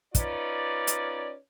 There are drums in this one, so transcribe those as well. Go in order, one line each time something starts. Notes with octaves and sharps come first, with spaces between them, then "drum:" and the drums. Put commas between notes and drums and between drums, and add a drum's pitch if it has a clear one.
C#4 D#4 F4 B4 D5, drum: kick, hi-hat
drum: hi-hat